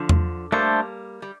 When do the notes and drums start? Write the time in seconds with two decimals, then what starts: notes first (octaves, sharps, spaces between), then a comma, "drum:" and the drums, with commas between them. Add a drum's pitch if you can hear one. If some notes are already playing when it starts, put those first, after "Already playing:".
Already playing: D3 F3
0.09 drum: tom E2
0.52 G3 A3 A#3 D4 A4 C5
1.22 G3